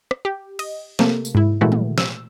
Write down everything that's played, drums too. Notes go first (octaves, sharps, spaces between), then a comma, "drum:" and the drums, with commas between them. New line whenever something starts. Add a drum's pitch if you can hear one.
drum: rim click
G4
D#5, drum: cymbal
C3 A3 A#3, drum: snare
drum: tambourine
G#2 E4
A#2 E3 G#3 A3 E4 F#4
drum: tom
E6, drum: snare